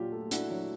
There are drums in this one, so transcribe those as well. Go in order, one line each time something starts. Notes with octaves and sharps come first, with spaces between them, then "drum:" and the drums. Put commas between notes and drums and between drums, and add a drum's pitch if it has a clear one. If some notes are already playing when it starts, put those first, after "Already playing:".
Already playing: A#2 F#3 D4 F4 G4
A3
D4 E4 F#4, drum: hi-hat
F#3